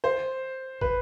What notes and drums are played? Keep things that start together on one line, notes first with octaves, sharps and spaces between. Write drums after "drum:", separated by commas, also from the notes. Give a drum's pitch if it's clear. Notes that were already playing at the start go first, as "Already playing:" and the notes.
C5
B4, drum: kick